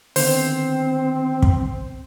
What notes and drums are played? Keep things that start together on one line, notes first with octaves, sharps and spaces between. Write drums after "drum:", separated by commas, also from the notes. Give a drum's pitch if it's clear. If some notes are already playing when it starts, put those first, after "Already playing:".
D3 D#3 B3 C4 C5, drum: open hi-hat
drum: kick